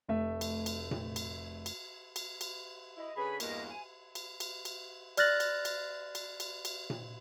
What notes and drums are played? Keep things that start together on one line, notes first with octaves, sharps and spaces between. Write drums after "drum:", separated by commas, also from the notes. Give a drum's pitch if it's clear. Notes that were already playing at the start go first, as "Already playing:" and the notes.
F1 A3 E5
drum: cymbal
drum: cymbal
drum: tom A#2
drum: cymbal
drum: cymbal
drum: cymbal
drum: cymbal
E4 D#5
D3 C#4 G#4 B4 B5
E2 G2 A#3 D#5, drum: cymbal
G#5
drum: cymbal
drum: cymbal
drum: cymbal
D5 F6 F#6 A6 A#6 F#7, drum: cymbal
drum: cymbal
drum: cymbal
drum: cymbal
drum: cymbal
drum: cymbal
drum: tom A#2